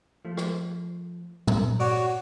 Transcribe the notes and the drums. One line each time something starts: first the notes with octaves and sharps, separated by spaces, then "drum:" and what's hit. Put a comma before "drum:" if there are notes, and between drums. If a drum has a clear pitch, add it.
F3 A3
drum: rim click
drum: tom
F#4 C#5 D5, drum: open hi-hat